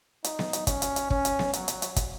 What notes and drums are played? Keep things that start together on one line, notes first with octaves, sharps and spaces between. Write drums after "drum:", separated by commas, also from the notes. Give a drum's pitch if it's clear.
D#4, drum: hi-hat
drum: snare B3
drum: hi-hat
C#4, drum: kick, hi-hat
drum: hi-hat
drum: hi-hat
C#4, drum: kick
drum: hi-hat
drum: snare B3
F#3, drum: hi-hat
drum: hi-hat
drum: hi-hat
drum: kick, hi-hat